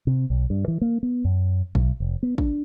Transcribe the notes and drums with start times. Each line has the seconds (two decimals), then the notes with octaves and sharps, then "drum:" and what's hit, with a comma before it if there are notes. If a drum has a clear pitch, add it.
0.07 C3
0.30 B1
0.50 G2
0.68 E3
0.81 A#3
1.03 B3
1.24 F#2
1.75 B1, drum: kick
2.00 F1
2.23 B3
2.38 D4, drum: kick